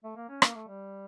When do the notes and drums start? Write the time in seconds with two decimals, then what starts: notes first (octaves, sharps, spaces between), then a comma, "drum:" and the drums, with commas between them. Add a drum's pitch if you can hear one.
0.04 A3
0.16 A#3
0.29 C#4
0.42 A#3, drum: rim click
0.55 A3
0.68 G3